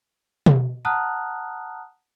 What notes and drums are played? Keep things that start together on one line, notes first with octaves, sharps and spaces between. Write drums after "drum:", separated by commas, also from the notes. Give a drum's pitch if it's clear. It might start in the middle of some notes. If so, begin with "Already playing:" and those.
drum: tom
F#5 A5 A#5 D#6 F6 F#6